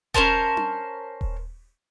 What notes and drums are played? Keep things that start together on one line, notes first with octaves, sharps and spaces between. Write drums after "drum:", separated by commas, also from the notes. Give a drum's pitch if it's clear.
C#4 A#4 C5 A5, drum: kick D#1
drum: tom D4
drum: kick D#1